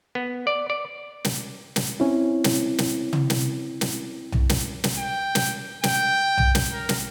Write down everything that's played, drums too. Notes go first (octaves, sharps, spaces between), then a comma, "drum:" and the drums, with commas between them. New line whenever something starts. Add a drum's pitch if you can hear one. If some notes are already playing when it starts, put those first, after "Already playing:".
B3
D5
D5
drum: snare
drum: snare
C4 C#4 E4
drum: snare
drum: snare
drum: tom
drum: snare
drum: snare
drum: tom B1
drum: snare
drum: snare
G5
drum: snare
G5, drum: snare
drum: tom B1
drum: snare
A#4
drum: snare